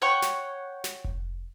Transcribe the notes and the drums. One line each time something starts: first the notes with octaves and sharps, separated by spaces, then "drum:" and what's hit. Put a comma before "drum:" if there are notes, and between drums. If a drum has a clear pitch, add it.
C#5 F#5 G5 C#6
drum: snare
drum: snare
drum: kick F1